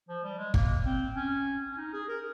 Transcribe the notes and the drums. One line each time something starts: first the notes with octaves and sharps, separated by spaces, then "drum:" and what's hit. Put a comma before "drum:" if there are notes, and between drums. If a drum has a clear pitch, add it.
F3
G3
G#3
A#3, drum: kick
C4
C#4
C#4
D#4
G#4
A#4